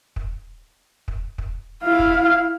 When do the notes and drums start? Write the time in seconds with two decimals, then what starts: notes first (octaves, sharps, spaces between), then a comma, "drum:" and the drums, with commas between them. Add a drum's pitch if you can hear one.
0.16 drum: kick
1.08 drum: kick
1.38 drum: kick
1.84 E4 F5
1.99 drum: kick